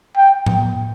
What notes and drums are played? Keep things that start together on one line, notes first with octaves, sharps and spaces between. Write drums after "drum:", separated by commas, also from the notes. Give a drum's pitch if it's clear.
G5
drum: tom A2